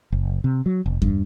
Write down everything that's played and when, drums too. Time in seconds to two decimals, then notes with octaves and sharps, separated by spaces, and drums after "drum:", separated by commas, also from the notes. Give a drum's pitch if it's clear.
0.12 F#1
0.44 C3
0.66 F#3
0.86 F1
1.02 G2, drum: kick E2